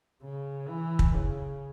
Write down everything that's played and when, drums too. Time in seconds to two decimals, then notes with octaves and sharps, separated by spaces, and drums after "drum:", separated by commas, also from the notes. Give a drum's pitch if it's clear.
0.23 C#3
0.69 E3
0.99 drum: kick
1.14 C#3